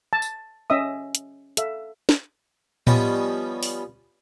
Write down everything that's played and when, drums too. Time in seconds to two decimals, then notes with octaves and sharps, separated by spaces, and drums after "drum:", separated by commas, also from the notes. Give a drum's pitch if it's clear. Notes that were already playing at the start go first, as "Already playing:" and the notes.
0.13 A5
0.22 drum: tambourine
0.70 C#4 D#5 E5 D#6
1.15 drum: hi-hat
1.57 A4 E5 F5, drum: hi-hat
2.09 drum: snare
2.87 F3 G3 B3 C#4 B4 D#5, drum: tom A2
3.63 drum: open hi-hat